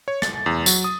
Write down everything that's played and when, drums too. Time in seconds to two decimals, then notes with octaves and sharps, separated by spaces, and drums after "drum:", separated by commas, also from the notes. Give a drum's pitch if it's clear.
0.08 C#5
0.22 A6, drum: rim click
0.46 E2
0.66 F#3, drum: tambourine
0.84 D#6